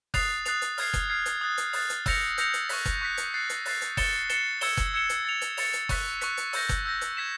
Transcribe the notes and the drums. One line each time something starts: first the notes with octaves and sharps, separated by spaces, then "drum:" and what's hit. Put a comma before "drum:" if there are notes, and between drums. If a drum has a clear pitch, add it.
D#6 F#6 A6 C7 F7, drum: kick F#1, open hi-hat
D#6 F#6 A6 C7 F7, drum: hi-hat
drum: hi-hat
F6 G#6 C7, drum: open hi-hat
drum: kick F#1, hi-hat
F6 G#6 C7
drum: hi-hat
D#6 F#6 A6
drum: hi-hat
D#6 F#6 A6, drum: open hi-hat
drum: hi-hat
E6 G6 A#6 C#7 F7, drum: kick F#1, open hi-hat
E6 G6 A#6 C#7 F7, drum: hi-hat
drum: hi-hat
C#6 F#6 B6, drum: open hi-hat
drum: kick F#1, hi-hat
C#6 F#6 B6
drum: hi-hat
F#6 A6 C7
drum: hi-hat
F#6 A6 C7, drum: open hi-hat
drum: hi-hat
A6 C#7 E7 G7, drum: kick F#1, open hi-hat
A6 C#7 E7 G7, drum: hi-hat
E6 G#6 C#7 E7 G7, drum: open hi-hat
drum: kick F#1, hi-hat
E6 G#6 C#7 E7 G7
drum: hi-hat
A6 C#7 F7
drum: hi-hat
A6 C#7 F7, drum: open hi-hat
drum: hi-hat
C#6 F#6 B6, drum: kick F#1, open hi-hat
C#6 F#6 B6, drum: hi-hat
drum: hi-hat
E6 G6 A#6, drum: open hi-hat
drum: kick F#1, hi-hat
E6 G6 A#6
drum: hi-hat
G#6 B6 E7